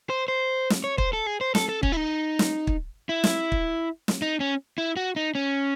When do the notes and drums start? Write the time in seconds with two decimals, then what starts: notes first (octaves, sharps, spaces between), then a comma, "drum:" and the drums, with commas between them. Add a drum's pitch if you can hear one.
0.10 C5
0.28 C5
0.70 drum: snare
0.84 C#5
0.98 C5, drum: kick
1.13 A4
1.26 G#4
1.41 C5
1.55 A4, drum: snare
1.69 A4
1.83 C#4, drum: kick
1.92 E4
1.97 D#4
2.39 drum: snare
2.67 drum: kick
3.09 E4
3.24 drum: snare
3.52 drum: kick
4.08 drum: snare
4.22 D#4
4.40 C#4
4.78 E4
4.96 F#4
5.16 D#4
5.35 C#4